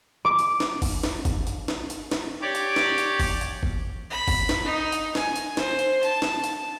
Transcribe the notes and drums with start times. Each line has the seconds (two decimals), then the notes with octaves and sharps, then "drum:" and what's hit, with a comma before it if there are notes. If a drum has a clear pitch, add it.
0.25 D6
0.39 drum: hi-hat
0.60 drum: snare
0.82 drum: kick G1, open hi-hat
1.03 drum: snare
1.25 drum: kick G1, hi-hat
1.47 drum: hi-hat
1.68 drum: snare
1.90 drum: hi-hat
2.12 drum: snare
2.42 G4 C#5 D5 D6
2.55 drum: hi-hat
2.76 drum: snare
2.98 drum: hi-hat
3.20 drum: kick G1, open hi-hat
3.41 drum: hi-hat
3.63 drum: kick G1
4.10 B5
4.28 drum: kick G1, open hi-hat
4.49 drum: snare
4.65 D#4
4.92 drum: hi-hat
5.15 G#5, drum: snare
5.36 drum: hi-hat
5.57 C5, drum: snare
5.79 drum: hi-hat
6.03 A5, drum: hi-hat
6.22 drum: snare
6.44 drum: hi-hat